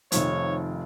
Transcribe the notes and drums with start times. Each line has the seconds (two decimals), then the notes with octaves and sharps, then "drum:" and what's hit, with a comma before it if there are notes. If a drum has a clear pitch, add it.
0.12 F1 D#3 F3 C#5, drum: hi-hat